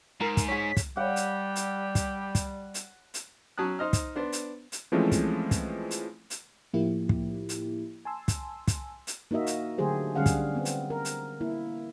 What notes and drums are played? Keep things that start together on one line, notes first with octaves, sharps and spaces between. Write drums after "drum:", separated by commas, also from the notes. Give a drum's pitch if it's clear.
G#2 A#4
drum: kick, hi-hat
G#4 C#5 B6
drum: kick, hi-hat
G3 G4 F#5
drum: hi-hat
drum: hi-hat
drum: kick, hi-hat
drum: kick, hi-hat
drum: hi-hat
drum: hi-hat
F#3 C#4 A5 D#6 F#6
D#4 C5 D#5 F6
drum: kick, hi-hat
B3 D4 C5
drum: hi-hat
drum: hi-hat
E3 F3 G#3 A3 C4 C#4
drum: kick, hi-hat
drum: kick, hi-hat
drum: hi-hat
drum: hi-hat
A2 F3 A#3 E4 G4
drum: kick
drum: hi-hat
G#5 A5 C6 E6
drum: kick, hi-hat
drum: kick, hi-hat
drum: hi-hat
A#3 D#4 F#4 D#5 E5
drum: hi-hat
D3 F#3 A3 G4 G#4 C5
D3 G3 C#4 G#4 F5 F#5
drum: kick, hi-hat
B3 C4
drum: hi-hat
A#4
drum: hi-hat
A#3 E4